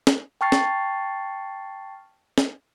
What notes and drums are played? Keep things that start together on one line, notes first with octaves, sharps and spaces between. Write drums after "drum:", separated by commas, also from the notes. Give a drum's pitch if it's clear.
drum: snare
G5 A5 C#6 F6 A6 C7
drum: snare
drum: snare